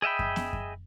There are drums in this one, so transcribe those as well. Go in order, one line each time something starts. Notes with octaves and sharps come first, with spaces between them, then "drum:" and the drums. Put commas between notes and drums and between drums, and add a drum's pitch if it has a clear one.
G#4 D#5 E5 G5 B5
drum: kick F#2
drum: snare B3
drum: kick F#2